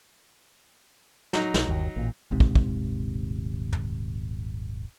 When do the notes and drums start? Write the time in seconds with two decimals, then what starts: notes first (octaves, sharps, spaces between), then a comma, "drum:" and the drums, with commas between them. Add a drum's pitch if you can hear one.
1.33 F#3 D#4, drum: snare
1.54 B1, drum: snare
1.67 G1 D#2
1.96 A1 A#2
2.31 D#1 G#1 G#2 C3
2.40 drum: kick
2.55 drum: kick
3.72 drum: tom